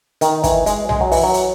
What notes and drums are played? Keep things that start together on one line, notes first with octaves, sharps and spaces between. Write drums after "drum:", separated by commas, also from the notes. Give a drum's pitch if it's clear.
D#3, drum: hi-hat
E3, drum: kick, hi-hat
G#3, drum: hi-hat
G#3, drum: tom B1
F#3
E3, drum: open hi-hat
F#3
drum: hi-hat